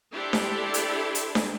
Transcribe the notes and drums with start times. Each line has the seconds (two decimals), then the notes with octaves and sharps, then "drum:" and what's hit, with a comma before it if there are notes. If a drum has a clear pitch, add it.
0.13 D4 E4 G4 A4 C5 D5
0.33 drum: snare D4
0.74 drum: hi-hat
1.15 drum: hi-hat
1.35 drum: snare D4